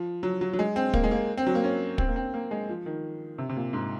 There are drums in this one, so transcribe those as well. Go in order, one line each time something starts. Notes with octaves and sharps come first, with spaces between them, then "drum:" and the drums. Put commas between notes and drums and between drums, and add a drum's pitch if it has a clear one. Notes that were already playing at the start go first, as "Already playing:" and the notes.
Already playing: F3
F#3
F#3
F#3
G#3
C4
A#3, drum: kick
G#3
A#3
C4
F#3
A#3
C#4
C4, drum: kick
A#3
C4
A#3
G#3
F3
D#3
C3
C3
A#2
G#2